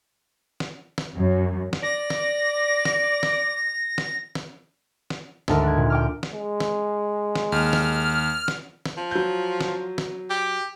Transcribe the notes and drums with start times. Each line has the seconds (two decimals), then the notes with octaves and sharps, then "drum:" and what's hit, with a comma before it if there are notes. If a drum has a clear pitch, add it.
0.60 drum: snare
0.98 drum: snare
1.17 F#2
1.73 drum: snare
1.83 D5 A#6
2.10 drum: snare
2.85 drum: snare
3.23 drum: snare
3.98 drum: snare
4.35 drum: snare
5.10 drum: snare
5.48 G#1 D2 D#4 A4 A#4, drum: snare
5.63 F#6 G#6
5.77 A#2
5.90 G5 D6 F6
6.23 drum: snare
6.32 G#3
6.60 drum: snare
7.35 drum: snare
7.52 D#2 F6
7.73 drum: snare
8.48 drum: snare
8.86 drum: snare
8.97 F3
9.11 F#3 G6
9.61 drum: snare
9.98 drum: snare
10.30 G4